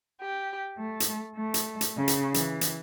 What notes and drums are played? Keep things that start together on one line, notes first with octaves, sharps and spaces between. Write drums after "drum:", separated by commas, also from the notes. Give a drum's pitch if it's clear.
G4
A3
drum: hi-hat
A3
drum: hi-hat
drum: hi-hat
C#3
drum: hi-hat
E3, drum: hi-hat
drum: hi-hat